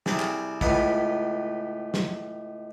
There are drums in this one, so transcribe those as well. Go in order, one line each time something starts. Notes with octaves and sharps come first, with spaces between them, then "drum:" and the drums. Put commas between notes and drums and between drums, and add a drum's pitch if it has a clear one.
C2 C4 G#4 A4 C5, drum: snare
drum: clap
C#2 A2 B3 B4 B5 C6, drum: kick
drum: snare